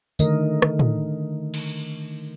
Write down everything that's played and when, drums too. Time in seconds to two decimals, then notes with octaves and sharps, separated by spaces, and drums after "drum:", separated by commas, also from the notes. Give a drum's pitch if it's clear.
0.19 D3 D#3 A3 A#4 D#5, drum: tambourine
0.62 drum: rim click
0.79 drum: tom A2
1.54 drum: cymbal